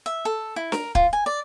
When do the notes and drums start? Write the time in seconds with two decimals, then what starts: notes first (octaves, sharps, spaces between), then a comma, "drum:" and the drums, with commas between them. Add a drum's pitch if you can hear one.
0.06 E5
0.25 A4
0.56 E4
0.72 A#4, drum: snare
0.95 F4, drum: kick
1.13 G#5
1.26 D5